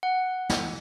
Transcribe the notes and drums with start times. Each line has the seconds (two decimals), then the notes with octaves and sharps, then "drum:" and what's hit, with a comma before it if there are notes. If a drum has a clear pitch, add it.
0.03 F#5
0.49 drum: snare